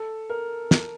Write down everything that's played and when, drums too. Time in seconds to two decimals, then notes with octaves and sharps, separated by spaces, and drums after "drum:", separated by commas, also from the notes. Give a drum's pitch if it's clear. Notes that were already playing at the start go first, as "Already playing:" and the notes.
Already playing: A4
0.30 A#4
0.71 drum: snare